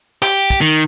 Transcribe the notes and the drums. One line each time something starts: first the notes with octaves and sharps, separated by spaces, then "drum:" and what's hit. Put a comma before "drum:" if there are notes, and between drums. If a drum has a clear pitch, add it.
G4, drum: clap
drum: kick, tambourine
D#3